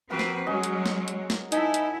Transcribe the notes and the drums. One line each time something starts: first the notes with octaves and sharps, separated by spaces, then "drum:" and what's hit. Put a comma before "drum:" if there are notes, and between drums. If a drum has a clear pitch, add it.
F3 A#3 C4 F#4 A#4 B4
drum: snare
F#3 G#3 C#4 F#4 D#5
drum: hi-hat
drum: snare
drum: hi-hat
drum: snare
D#4 E4 G#5 A5, drum: hi-hat
drum: hi-hat